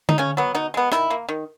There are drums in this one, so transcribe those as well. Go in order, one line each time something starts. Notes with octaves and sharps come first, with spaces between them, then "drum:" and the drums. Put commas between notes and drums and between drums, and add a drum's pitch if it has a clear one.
D#4, drum: tom D3
C#3 C#4
F#3 B3
B2 D#4
G#3 B3
D#3 E4, drum: rim click
A#3
D#3